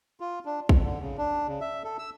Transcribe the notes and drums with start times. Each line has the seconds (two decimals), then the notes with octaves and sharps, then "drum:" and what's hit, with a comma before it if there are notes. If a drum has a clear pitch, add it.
0.20 F4
0.45 D4
0.69 F2, drum: kick
0.83 D3
1.01 C#3
1.18 D4
1.47 C#3
1.61 E5
1.84 A4
1.99 E6